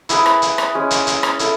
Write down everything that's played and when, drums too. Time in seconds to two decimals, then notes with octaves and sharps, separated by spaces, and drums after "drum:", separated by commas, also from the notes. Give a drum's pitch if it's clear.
0.09 E4 G#4 B4, drum: hi-hat
0.26 drum: rim click
0.42 drum: hi-hat
0.58 drum: rim click
0.75 G#3 C#4 G#4
0.91 drum: hi-hat
1.07 drum: hi-hat
1.23 drum: rim click
1.39 E4 A4, drum: hi-hat